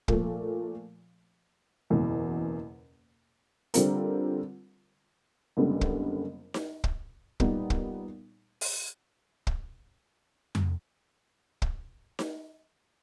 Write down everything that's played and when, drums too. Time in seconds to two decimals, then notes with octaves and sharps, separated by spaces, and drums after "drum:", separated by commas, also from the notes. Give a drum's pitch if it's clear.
0.08 A#2 F3 A3, drum: kick
1.90 F#1 E2 B2
3.74 D3 G3 C4 F4 A#4, drum: hi-hat
5.57 F#1 F#2 D3 G3 B3
5.81 drum: kick
6.54 drum: snare D#4
6.84 drum: kick
7.40 A#2 G3 B3 D#4, drum: kick
7.70 drum: kick
8.61 drum: open hi-hat
9.47 drum: kick
10.55 drum: tom F2
11.62 drum: kick
12.19 drum: snare D#4